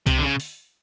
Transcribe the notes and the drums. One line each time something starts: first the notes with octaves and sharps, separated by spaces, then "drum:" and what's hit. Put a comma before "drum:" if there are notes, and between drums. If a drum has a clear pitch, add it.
C3, drum: kick C2, hi-hat
D3
C#3
drum: open hi-hat